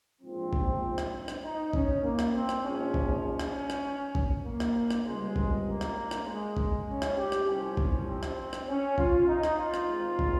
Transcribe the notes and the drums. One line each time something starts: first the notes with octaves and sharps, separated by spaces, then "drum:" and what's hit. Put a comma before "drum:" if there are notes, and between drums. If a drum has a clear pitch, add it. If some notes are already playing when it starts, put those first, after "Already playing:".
A#1 G#2 F3 C4
drum: kick
drum: rim click
drum: rim click
D#4
C#4, drum: kick
A#3
drum: rim click
C4
drum: rim click
A#1 G#2 F3 C#4
drum: kick
C#4
drum: rim click
drum: rim click
drum: kick
A#3
drum: rim click
drum: rim click
C#2 C3 G3 G#3
drum: kick
A#3
drum: rim click
drum: rim click
G#3
drum: kick
C#4
drum: rim click
G4
drum: rim click
C2 C3 F3 C#4
drum: kick
C4
drum: rim click
drum: rim click
C#4
F4, drum: kick
D#4
drum: rim click
F4
drum: rim click
G#1 G#2 D#3
drum: kick